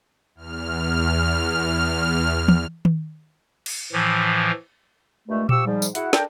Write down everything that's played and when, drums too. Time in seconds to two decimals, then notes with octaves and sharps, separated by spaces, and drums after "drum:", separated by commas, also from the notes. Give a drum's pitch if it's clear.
0.35 E2 F6
2.48 drum: tom E3
2.85 drum: tom D#3
3.66 drum: cymbal
3.92 A2 E3 F3
5.28 G2 A#2 G#3 A3
5.49 F3 G4 C#6 D6 E6, drum: tom A#2
5.66 G#2 F3 G3
5.82 drum: tambourine
5.95 E4 F#4 G#4 F#5, drum: hi-hat
6.13 D4 A4 A#4 G5, drum: snare